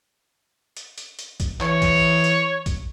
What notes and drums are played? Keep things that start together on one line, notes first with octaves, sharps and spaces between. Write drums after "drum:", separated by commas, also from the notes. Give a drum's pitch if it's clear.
drum: hi-hat
drum: hi-hat
drum: hi-hat
drum: kick A#1, hi-hat
E3 C#5, drum: clap
drum: kick A#1, hi-hat
drum: hi-hat
drum: kick A#1, hi-hat